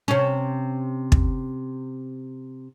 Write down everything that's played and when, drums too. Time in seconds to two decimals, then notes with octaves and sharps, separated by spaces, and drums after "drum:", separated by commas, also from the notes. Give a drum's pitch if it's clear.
0.08 C3 C#4
1.12 drum: kick